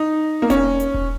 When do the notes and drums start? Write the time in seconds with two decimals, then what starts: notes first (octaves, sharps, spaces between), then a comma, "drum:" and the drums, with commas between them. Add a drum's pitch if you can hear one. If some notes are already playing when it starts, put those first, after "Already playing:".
Already playing: D#4
0.42 A#3
0.50 C#4, drum: kick E1, hi-hat
0.80 drum: hi-hat
0.94 drum: kick E1